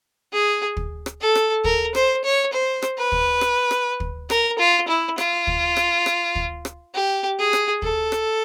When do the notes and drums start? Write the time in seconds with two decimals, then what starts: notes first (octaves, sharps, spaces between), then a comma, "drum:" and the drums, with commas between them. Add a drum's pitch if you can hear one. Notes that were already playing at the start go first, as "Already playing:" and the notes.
0.33 G#4
0.77 drum: kick
1.06 drum: rim click
1.21 A4
1.35 drum: rim click
1.64 A#4, drum: kick
1.95 C5, drum: rim click
2.24 C#5
2.53 C5
2.82 drum: rim click
2.97 B4
3.12 drum: kick
3.41 drum: rim click
3.71 drum: rim click
4.00 drum: kick
4.30 A#4, drum: rim click
4.59 F4
4.88 E4
5.18 F4, drum: rim click
5.47 drum: kick
5.77 drum: rim click
6.06 drum: rim click
6.35 drum: kick
6.65 drum: rim click
6.94 G4
7.38 G#4
7.53 drum: rim click
7.82 A4, drum: kick
8.12 drum: rim click